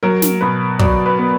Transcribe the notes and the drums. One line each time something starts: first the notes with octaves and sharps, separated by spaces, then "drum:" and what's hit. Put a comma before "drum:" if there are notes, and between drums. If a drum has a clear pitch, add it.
F#3 A#4
drum: snare
B2 B4
F#3 D5, drum: kick
B4
B3